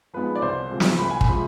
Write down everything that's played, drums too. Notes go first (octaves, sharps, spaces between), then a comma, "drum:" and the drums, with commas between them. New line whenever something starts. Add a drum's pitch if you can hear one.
F3 G#3 B3 D#4 B4
D5
C2 C5
C3 F3 G#3 C4
drum: snare
C2 B5
G#5
B5, drum: kick
C3 F3 G#3 C4